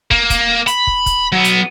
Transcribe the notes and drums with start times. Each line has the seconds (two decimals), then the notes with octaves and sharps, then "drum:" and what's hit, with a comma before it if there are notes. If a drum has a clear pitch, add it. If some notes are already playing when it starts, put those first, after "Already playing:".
0.11 A#3, drum: kick
0.30 drum: kick, hi-hat
0.67 B5, drum: hi-hat
0.87 drum: kick
1.06 drum: kick, hi-hat
1.32 F#3 B3
1.44 drum: hi-hat